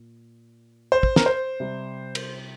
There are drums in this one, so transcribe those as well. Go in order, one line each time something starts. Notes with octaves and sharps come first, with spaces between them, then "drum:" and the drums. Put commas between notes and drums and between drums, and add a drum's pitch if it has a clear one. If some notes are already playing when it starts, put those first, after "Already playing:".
Already playing: A#2
C5
drum: kick
A#4, drum: snare
C5
C3 G3
drum: cymbal